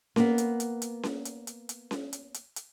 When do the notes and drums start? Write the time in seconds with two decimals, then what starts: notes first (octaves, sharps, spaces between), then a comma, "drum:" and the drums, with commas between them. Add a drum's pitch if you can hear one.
0.16 A#3 B3, drum: snare C#4
0.38 drum: hi-hat
0.60 drum: hi-hat
0.82 drum: hi-hat
1.03 drum: snare C#4
1.25 drum: hi-hat
1.47 drum: hi-hat
1.69 drum: hi-hat
1.91 drum: snare C#4
2.13 drum: hi-hat
2.34 drum: hi-hat
2.56 drum: hi-hat